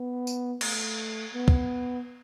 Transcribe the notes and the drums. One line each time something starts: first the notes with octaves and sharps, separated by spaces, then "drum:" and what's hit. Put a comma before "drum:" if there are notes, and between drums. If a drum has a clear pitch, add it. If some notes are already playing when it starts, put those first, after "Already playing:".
Already playing: B3
drum: tambourine
A3, drum: cymbal
B3
drum: kick